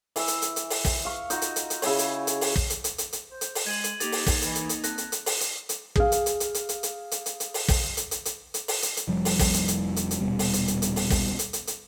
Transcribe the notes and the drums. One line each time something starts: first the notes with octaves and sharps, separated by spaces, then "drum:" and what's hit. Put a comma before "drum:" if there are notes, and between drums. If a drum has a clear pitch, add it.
E3 E5, drum: open hi-hat
drum: hi-hat
drum: hi-hat
drum: hi-hat
drum: open hi-hat
drum: kick, open hi-hat
F5 C#6
D#4 F4 F#4, drum: hi-hat
drum: hi-hat
drum: hi-hat
drum: hi-hat
C#3 E4 G#4 C#5, drum: open hi-hat
drum: hi-hat
drum: hi-hat
drum: open hi-hat
drum: kick
drum: hi-hat
drum: hi-hat
drum: hi-hat
drum: hi-hat
C5
drum: hi-hat
drum: open hi-hat
G#3 G#6 D#7 F#7
drum: hi-hat
A#3 D#4 G4 A6 F7, drum: hi-hat
drum: open hi-hat
drum: kick, open hi-hat
E3, drum: hi-hat
drum: hi-hat
drum: hi-hat
C4 A5 F#6 A#6, drum: hi-hat
drum: hi-hat
drum: hi-hat
drum: open hi-hat
drum: hi-hat
drum: hi-hat
G#4 F5, drum: kick
drum: hi-hat
drum: hi-hat
drum: hi-hat
drum: hi-hat
drum: hi-hat
drum: hi-hat
drum: hi-hat
drum: hi-hat
drum: hi-hat
drum: open hi-hat
drum: kick, open hi-hat
drum: hi-hat
drum: hi-hat
drum: hi-hat
drum: hi-hat
drum: open hi-hat
drum: hi-hat
drum: hi-hat
F1 F2 F3 G3
drum: open hi-hat
drum: kick, open hi-hat
drum: hi-hat
drum: hi-hat
drum: hi-hat
drum: hi-hat
D#1 B2 G3
drum: open hi-hat
drum: hi-hat
drum: hi-hat
drum: hi-hat
drum: open hi-hat
drum: kick, open hi-hat
drum: hi-hat
drum: hi-hat
drum: hi-hat